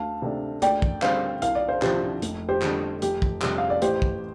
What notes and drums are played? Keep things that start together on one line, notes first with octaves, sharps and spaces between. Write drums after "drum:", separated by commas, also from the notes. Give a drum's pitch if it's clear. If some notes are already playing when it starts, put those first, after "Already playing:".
Already playing: D2 F5 A5
C3 A3 D4
D2 D5 G5, drum: hi-hat
drum: kick
D3 G3 C4 C5 F5, drum: clap
C2 F5, drum: hi-hat
D5
C5 F5
C3 F3 D4 G4 C5, drum: clap
F1, drum: hi-hat
G4 C5
F2 D3 G3, drum: clap
F1 G4, drum: hi-hat
drum: kick
F2 C3 G3, drum: clap
F5
D5
A1 G4 C5, drum: hi-hat
drum: kick